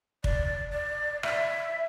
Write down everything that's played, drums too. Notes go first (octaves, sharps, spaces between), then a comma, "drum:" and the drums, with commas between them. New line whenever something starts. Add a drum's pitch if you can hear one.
D5, drum: kick
D5
E5, drum: rim click